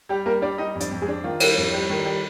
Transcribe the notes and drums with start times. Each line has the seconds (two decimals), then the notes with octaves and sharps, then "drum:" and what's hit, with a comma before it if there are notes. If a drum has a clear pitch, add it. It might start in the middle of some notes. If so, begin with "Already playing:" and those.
0.09 G3 G4
0.26 G3 A#3 A#4
0.42 G3 D4 D5
0.58 G3 D#4 D#5
0.75 F2
0.80 D4 D5, drum: hi-hat
0.91 F2
1.02 G#3 G#4
1.08 D4
1.24 D#3 F4
1.40 G3, drum: cymbal
1.58 F2
1.73 G3
1.90 D#3
2.06 G3